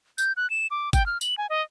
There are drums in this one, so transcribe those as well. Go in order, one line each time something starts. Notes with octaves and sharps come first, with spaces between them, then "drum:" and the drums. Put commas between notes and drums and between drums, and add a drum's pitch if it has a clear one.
G6, drum: tambourine
F#6
E7
D6
G5, drum: kick, tambourine
F6
F#7, drum: tambourine
G#5
D#5